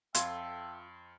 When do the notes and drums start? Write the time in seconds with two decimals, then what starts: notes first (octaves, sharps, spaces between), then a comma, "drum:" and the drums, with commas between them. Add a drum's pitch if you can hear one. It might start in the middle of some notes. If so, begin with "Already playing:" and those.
0.15 F2 F4 A4 E5 G5 C6 G#6, drum: hi-hat